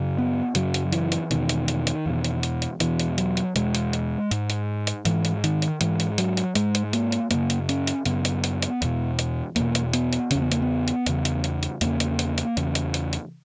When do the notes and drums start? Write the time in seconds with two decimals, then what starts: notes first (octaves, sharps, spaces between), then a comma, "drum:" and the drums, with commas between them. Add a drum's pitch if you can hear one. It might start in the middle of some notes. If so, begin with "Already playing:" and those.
Already playing: F#2 C#3
0.18 B3
0.55 F#2 C#3 F#3, drum: hi-hat
0.74 drum: hi-hat
0.92 E3, drum: hi-hat
1.12 drum: hi-hat
1.31 E2 B2 D#3, drum: hi-hat
1.49 drum: hi-hat
1.68 drum: hi-hat
1.87 drum: hi-hat
2.06 E2 B2
2.24 drum: hi-hat
2.43 drum: hi-hat
2.62 drum: hi-hat
2.80 E2 B2 E3, drum: hi-hat
3.00 drum: hi-hat
3.18 F#3, drum: hi-hat
3.37 drum: hi-hat
3.56 E2 B2 G#3, drum: hi-hat
3.75 drum: hi-hat
3.93 drum: hi-hat
4.31 G#2, drum: hi-hat
4.50 drum: hi-hat
4.87 drum: hi-hat
5.05 G#2 E3, drum: hi-hat
5.25 drum: hi-hat
5.44 D#3, drum: hi-hat
5.62 drum: hi-hat
5.81 G#2 E3, drum: hi-hat
6.00 drum: hi-hat
6.18 F#3, drum: hi-hat
6.37 drum: hi-hat
6.55 G#2 G#3, drum: hi-hat
6.75 drum: hi-hat
6.93 A#3, drum: hi-hat
7.12 drum: hi-hat
7.31 F#2 C#3 A#3, drum: hi-hat
7.50 drum: hi-hat
7.69 C#4, drum: hi-hat
7.87 drum: hi-hat
8.06 F#2 C#3 B3, drum: hi-hat
8.25 drum: hi-hat
8.44 drum: hi-hat
8.62 drum: hi-hat
8.82 E2 B2, drum: hi-hat
9.19 drum: hi-hat
9.56 E2 B2 A#3, drum: hi-hat
9.75 drum: hi-hat
9.93 B3, drum: hi-hat
10.13 drum: hi-hat
10.31 E2 C#3 C#4, drum: hi-hat
10.42 B3
10.52 A#3, drum: hi-hat
10.62 B3
10.88 drum: hi-hat
11.06 E2 C#3, drum: hi-hat
11.25 drum: hi-hat
11.44 drum: hi-hat
11.63 drum: hi-hat
11.81 E2 C#3 A#3, drum: hi-hat
12.00 drum: hi-hat
12.19 drum: hi-hat
12.38 drum: hi-hat
12.57 E2 C#3, drum: hi-hat
12.75 drum: hi-hat
12.94 drum: hi-hat
13.13 drum: hi-hat